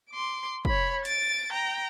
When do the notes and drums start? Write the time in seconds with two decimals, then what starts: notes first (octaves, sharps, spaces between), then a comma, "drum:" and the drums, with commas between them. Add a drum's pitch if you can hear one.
0.10 C6 D6
0.65 C#5 B5, drum: kick
1.05 A6 D7, drum: hi-hat
1.52 G5 A#5